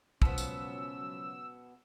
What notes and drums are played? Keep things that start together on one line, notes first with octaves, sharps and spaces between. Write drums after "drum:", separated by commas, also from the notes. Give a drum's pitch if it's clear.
C#2 B2 F3 F#3 B3 C#4 E6, drum: kick
drum: tambourine